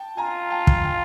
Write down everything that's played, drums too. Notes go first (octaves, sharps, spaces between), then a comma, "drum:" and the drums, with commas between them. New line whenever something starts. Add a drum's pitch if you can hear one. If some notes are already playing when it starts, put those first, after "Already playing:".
Already playing: G5 A5
F4 G#5 A#5
G5 A5
drum: kick
F5 G5